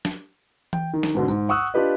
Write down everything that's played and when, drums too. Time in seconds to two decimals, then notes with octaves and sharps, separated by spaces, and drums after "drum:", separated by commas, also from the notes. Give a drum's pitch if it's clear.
0.05 drum: snare
0.73 G5, drum: tom E3
0.94 D#3
1.03 drum: snare
1.15 G#2 B2 D3
1.28 G#2, drum: tambourine
1.49 F#5 C#6 D#6 E6 F#6
1.74 D4 F4 G4 B4 D#5